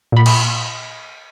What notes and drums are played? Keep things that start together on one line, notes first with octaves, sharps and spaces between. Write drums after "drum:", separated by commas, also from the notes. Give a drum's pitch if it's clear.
A#2 B5
drum: cymbal